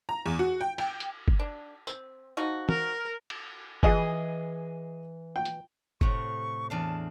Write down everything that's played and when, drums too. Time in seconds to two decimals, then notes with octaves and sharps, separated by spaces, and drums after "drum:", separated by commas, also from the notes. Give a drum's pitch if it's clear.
0.09 A#5
0.26 E2
0.39 F#4
0.61 G5
0.78 G5, drum: cymbal
1.00 drum: hi-hat
1.28 drum: kick F#1
1.39 D4
1.87 C4, drum: tambourine
2.37 F3 D#4 F#4
2.69 A#4, drum: tom
3.30 drum: cymbal
3.83 E3 G#4 D#5 G#5, drum: kick F#1
5.36 G5
5.45 drum: hi-hat
6.01 A2 C3 F#4 C#6, drum: kick F#1
6.70 E2 D4 F5 A5